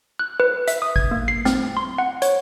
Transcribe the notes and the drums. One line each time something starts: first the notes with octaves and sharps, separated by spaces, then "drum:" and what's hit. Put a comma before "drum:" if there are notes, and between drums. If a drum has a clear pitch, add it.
F#6
B4
E5, drum: hi-hat
D#6
G#6, drum: kick G#1
A#3
C7
C4, drum: snare
C6
F#5
C#5, drum: hi-hat